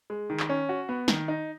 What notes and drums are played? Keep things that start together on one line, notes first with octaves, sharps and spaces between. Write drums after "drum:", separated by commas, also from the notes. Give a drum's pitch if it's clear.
G#3
D#3
drum: clap
C#4
F#4
B3
D#3, drum: snare
D#4